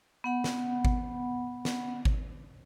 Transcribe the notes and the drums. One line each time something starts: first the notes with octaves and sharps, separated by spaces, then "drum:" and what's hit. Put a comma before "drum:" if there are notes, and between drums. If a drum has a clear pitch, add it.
B3 F#5 B5
drum: snare
drum: kick G#1
drum: snare
drum: kick G#1